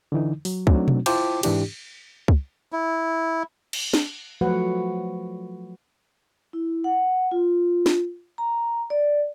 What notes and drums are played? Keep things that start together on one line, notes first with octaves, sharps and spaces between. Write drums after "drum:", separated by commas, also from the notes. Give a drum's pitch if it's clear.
D3 E3 D#4
F#3, drum: open hi-hat
F#3 A3 C4 D4 D#4 F#4, drum: kick
drum: tom B2
E4 F4 C5 G5 A5 D6, drum: cymbal
G#2 E3 D4 G4, drum: cymbal
drum: kick
E4
drum: cymbal
drum: snare
F3 F#3 A3 F#4 B4 F#5
E4
F#5
F4
drum: snare
A#5
D5